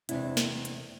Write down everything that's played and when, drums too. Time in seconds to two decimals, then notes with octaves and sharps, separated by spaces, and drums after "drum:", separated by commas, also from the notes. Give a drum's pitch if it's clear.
0.09 E2 A2 C3 G#3 D4 E4, drum: hi-hat
0.37 drum: snare
0.65 drum: hi-hat